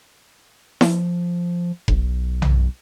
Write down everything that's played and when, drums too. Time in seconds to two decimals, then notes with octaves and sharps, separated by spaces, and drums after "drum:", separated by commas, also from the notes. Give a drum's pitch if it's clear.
0.81 F3, drum: snare E4
1.88 B1, drum: kick F1
2.42 drum: tom B1